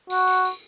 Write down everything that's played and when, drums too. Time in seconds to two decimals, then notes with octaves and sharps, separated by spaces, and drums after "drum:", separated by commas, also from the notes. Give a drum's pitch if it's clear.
0.10 F#4, drum: tambourine
0.28 drum: tambourine
0.45 drum: tambourine